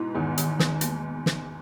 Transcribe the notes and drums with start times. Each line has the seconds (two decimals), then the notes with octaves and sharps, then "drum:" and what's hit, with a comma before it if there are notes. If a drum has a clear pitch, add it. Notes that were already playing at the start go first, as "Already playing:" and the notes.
Already playing: G#2 B2 E4
0.15 E2 G#2 D#3
0.38 D#3, drum: hi-hat
0.59 D#3, drum: snare
0.81 A#3, drum: hi-hat
1.26 drum: snare